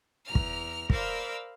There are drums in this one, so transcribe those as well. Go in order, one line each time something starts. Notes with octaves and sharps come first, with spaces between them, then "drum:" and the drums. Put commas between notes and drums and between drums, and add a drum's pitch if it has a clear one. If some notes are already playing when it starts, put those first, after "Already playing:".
E2 A#5 F6
drum: kick
A#4 C5 D5 F5 B5 E6, drum: kick